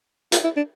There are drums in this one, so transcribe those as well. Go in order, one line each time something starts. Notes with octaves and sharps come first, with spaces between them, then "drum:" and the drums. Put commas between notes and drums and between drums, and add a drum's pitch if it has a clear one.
F4, drum: hi-hat
E4
D4